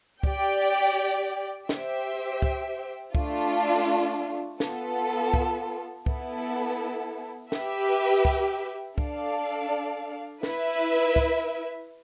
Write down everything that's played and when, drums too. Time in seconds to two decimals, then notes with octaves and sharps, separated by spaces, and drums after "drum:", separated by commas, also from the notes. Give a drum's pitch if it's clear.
0.23 G4 D5 G5, drum: kick
1.69 G4 C5 E5 G5, drum: snare
2.42 drum: kick
3.15 A3 D4 F4, drum: kick
4.60 B3 F4 A4, drum: snare
5.34 drum: kick
6.06 B3 E4 A4, drum: kick
7.52 G4 B4 E5, drum: snare
8.25 drum: kick
8.98 D4 A4 D5 F5, drum: kick
10.43 E4 B4 E5, drum: snare
11.16 drum: kick